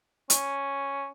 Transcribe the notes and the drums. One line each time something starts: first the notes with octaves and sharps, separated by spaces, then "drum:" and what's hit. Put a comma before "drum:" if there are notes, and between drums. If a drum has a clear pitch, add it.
C#4, drum: hi-hat